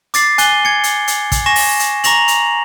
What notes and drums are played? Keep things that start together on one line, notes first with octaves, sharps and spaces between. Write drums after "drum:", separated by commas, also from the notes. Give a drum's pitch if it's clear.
D6 A6 C7, drum: hi-hat
G#5 F#6 G7, drum: hi-hat
G#6 C#7
drum: hi-hat
drum: hi-hat
drum: kick, hi-hat
G#5 C#6 A#6 E7
drum: open hi-hat
drum: hi-hat
A#5 C#6 A#6 F7 F#7, drum: hi-hat
drum: hi-hat